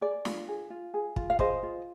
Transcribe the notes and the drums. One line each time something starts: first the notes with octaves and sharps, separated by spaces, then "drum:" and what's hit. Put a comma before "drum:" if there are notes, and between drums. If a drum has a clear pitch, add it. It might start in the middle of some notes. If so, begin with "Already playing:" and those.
G#4 D5
F4, drum: snare
G#4
F4
G#4
F4, drum: kick
F5
G#4 C5 D#5, drum: kick
F4